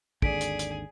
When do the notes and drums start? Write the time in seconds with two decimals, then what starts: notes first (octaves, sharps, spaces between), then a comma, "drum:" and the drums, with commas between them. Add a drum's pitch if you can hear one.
0.22 G#1 D#2 D3 G#4 D5 B6 D7, drum: kick
0.41 drum: hi-hat
0.59 drum: hi-hat